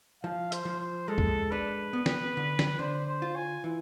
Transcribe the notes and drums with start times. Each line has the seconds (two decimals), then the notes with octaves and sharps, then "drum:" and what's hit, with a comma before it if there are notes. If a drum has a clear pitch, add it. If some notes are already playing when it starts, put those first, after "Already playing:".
0.23 F3 F5
0.52 C5, drum: hi-hat
0.65 F3
0.80 C5
1.08 G#3 A4
1.18 drum: kick
1.51 D4 B4
1.93 B3
2.06 drum: snare
2.37 D3
2.59 drum: snare
2.79 D3 C5
3.07 C5
3.22 F4
3.36 G#5
3.64 E3